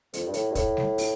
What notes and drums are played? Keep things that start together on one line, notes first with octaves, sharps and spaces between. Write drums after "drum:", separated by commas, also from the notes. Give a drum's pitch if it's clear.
F2, drum: hi-hat
G2
A2, drum: hi-hat
G2
A2, drum: kick, hi-hat
drum: snare
drum: open hi-hat